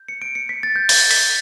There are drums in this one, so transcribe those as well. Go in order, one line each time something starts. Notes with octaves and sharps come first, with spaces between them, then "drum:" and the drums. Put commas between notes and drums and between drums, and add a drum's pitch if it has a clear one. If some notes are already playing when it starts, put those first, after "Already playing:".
Already playing: G6
C#7
D7
C#7
B6
A6
G6
A6, drum: open hi-hat
B6, drum: open hi-hat